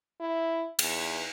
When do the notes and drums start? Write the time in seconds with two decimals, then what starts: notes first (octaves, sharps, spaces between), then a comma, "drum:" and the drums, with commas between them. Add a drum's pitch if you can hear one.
0.21 E4
0.79 E2, drum: cymbal